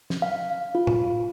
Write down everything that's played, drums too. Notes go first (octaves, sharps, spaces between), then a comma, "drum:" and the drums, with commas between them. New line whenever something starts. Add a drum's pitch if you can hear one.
drum: snare
F5
F4
drum: tom